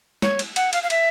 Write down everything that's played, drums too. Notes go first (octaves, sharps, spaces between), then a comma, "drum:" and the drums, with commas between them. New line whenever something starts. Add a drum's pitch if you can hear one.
C#5, drum: snare
drum: cymbal
F#5, drum: cymbal
F5, drum: cymbal
F5
E5, drum: cymbal